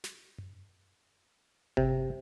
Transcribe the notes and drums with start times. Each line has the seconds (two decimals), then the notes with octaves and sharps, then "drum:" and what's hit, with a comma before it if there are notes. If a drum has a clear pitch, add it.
0.04 drum: snare
0.38 drum: tom F#2
1.77 C3, drum: kick G1